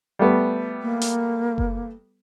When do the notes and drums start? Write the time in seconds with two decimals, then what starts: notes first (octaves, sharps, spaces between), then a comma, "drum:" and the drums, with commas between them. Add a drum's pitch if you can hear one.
0.19 G3 A3 B3
0.82 A#3
1.01 drum: hi-hat
1.58 drum: kick F#1